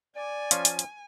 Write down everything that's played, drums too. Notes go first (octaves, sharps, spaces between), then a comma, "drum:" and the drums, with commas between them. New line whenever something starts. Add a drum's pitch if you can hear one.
D5 G#5
F3 C#4 F4, drum: hi-hat
drum: hi-hat
drum: hi-hat